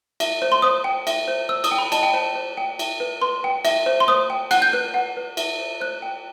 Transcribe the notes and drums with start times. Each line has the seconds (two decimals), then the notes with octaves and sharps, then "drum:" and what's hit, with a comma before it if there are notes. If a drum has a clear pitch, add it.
0.20 E5, drum: cymbal
0.42 C5
0.52 C6
0.62 C5 D#6
0.84 G5
1.07 E5, drum: cymbal
1.28 C5
1.49 C5 E6
1.64 D#6, drum: cymbal
1.71 G5
1.78 B5
1.92 D#5 A5, drum: cymbal
2.03 G5
2.13 C5 A5
2.35 C5
2.57 G5
2.79 E5, drum: cymbal
3.00 B4
3.22 B4 C6
3.44 G5
3.65 E5, drum: cymbal
3.86 C5
4.00 C6
4.08 C5 D#6
4.30 G5
4.51 F#5 F#6, drum: cymbal
4.62 G6
4.73 B4 F#6
4.94 F#5
5.17 B4
5.37 E5, drum: cymbal
5.59 C5
5.80 C5 F#6
6.02 G5